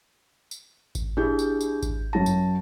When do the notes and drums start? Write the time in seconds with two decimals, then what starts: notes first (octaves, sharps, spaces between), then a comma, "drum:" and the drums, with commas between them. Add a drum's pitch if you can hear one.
0.51 drum: tambourine
0.95 drum: kick G#1, tambourine
1.17 D4 E4 G4 G#4 G6, drum: tom A2
1.39 drum: tambourine
1.61 drum: tambourine
1.82 drum: kick G#1, tambourine
2.13 F#2 F#3 A5 A#6
2.26 drum: tambourine